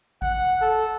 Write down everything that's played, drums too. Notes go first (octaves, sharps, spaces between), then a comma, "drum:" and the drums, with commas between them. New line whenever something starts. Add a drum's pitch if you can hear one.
F#5, drum: kick G#1
A4